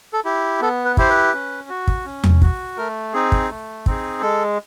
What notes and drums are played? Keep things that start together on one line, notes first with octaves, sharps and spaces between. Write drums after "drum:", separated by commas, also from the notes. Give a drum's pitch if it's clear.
A4
E4 G4
B3 A4
B4
E4 G4 C5, drum: kick
B4
C#4
F#4
drum: kick
C#4
drum: tom E2
F#4, drum: kick
A3 A#4
C4 D#4 G#4
drum: kick
A3
C4 D#4 G#4, drum: kick
G#3 A4